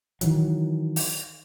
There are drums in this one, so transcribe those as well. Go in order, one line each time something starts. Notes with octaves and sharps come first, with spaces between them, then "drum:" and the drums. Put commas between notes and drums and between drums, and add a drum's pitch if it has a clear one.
D#3 E3 F#3, drum: hi-hat
drum: open hi-hat